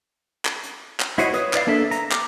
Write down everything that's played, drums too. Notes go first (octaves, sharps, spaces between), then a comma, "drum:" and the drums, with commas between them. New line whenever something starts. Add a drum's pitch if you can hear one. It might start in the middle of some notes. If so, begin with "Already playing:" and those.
drum: clap
drum: hi-hat
drum: clap
E4 F#4 C5 C#5 D#5, drum: hi-hat
B4 C#5 D#6, drum: hi-hat
E4 D5 F5, drum: clap
A#3 D4 A4 E5
A#5, drum: hi-hat
D6, drum: clap